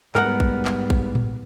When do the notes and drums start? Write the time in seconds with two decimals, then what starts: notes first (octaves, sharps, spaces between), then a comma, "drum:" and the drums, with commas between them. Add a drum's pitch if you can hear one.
0.15 G#2 G3 B3 A#4 F#5, drum: clap
0.40 drum: kick A1
0.65 drum: clap
0.90 drum: kick A1
1.15 drum: tom A2